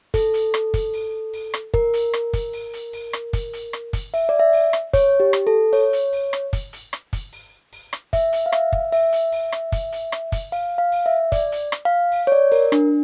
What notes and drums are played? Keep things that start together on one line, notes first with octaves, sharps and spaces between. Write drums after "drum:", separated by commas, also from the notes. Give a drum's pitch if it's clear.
A4, drum: kick, hi-hat
drum: hi-hat
drum: rim click
drum: kick, hi-hat
drum: open hi-hat
drum: open hi-hat
drum: rim click
A#4, drum: kick
drum: hi-hat
drum: rim click
drum: kick, hi-hat
drum: open hi-hat
drum: hi-hat
drum: open hi-hat
drum: rim click
drum: kick, hi-hat
drum: hi-hat
drum: rim click
drum: kick, hi-hat
E5, drum: open hi-hat
D5
E5
drum: open hi-hat
drum: rim click
C#5, drum: kick, hi-hat
G4
drum: rim click
A4
C#5, drum: open hi-hat
drum: hi-hat
drum: open hi-hat
drum: rim click
drum: kick, hi-hat
drum: hi-hat
drum: rim click
drum: kick, hi-hat
drum: open hi-hat
drum: open hi-hat
drum: rim click
E5, drum: kick, hi-hat
drum: hi-hat
F5
E5, drum: rim click
drum: kick
E5, drum: open hi-hat
drum: hi-hat
drum: open hi-hat
drum: rim click
drum: kick, hi-hat
drum: hi-hat
drum: rim click
drum: kick, hi-hat
F5, drum: open hi-hat
F5
drum: open hi-hat
E5
D5, drum: kick, hi-hat
drum: hi-hat
drum: rim click
F5
drum: open hi-hat
C#5
D5
A#4, drum: open hi-hat
D4, drum: rim click